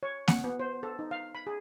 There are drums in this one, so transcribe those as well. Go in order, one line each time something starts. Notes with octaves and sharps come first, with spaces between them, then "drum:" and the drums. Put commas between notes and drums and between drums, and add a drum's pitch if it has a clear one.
C#5
F#5, drum: snare A#3
B3
C5
A4
D#4
F5
B5
G#4